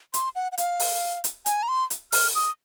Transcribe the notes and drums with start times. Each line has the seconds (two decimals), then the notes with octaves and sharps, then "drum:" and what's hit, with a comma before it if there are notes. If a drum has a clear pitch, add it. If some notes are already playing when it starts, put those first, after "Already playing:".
0.14 C6, drum: hi-hat
0.35 F#5
0.52 F#5
0.58 F5, drum: hi-hat
0.80 drum: open hi-hat
1.24 drum: hi-hat
1.46 G#5, drum: hi-hat
1.63 A#5
1.68 C6
1.90 drum: hi-hat
2.12 F6, drum: open hi-hat
2.35 D#6